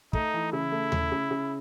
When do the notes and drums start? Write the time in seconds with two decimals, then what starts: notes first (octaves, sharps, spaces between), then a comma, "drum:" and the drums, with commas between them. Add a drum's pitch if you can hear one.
0.13 A3 D#4, drum: kick
0.34 E3
0.53 C#3 E4
0.72 A3
0.92 C#3, drum: tom D#2
1.12 C#3
1.31 C#3